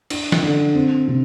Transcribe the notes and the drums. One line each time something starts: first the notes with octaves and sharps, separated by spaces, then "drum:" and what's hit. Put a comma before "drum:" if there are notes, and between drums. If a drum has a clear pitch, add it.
D4, drum: cymbal
drum: snare
D3
C4
C3